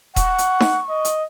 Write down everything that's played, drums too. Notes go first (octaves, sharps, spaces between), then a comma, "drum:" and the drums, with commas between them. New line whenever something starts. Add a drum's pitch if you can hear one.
F#5 C#6, drum: kick D#1, hi-hat
drum: hi-hat
drum: snare D#4
D#5
drum: hi-hat